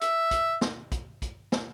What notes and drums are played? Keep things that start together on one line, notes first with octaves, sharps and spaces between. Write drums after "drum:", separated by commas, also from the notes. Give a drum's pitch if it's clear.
E5, drum: hi-hat
drum: kick, hi-hat
drum: snare
drum: kick, hi-hat
drum: kick, hi-hat
drum: snare